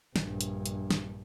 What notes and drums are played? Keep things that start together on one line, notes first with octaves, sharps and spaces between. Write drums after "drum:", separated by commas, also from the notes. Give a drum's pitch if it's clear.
A#1 G2, drum: snare
drum: hi-hat
drum: hi-hat
drum: snare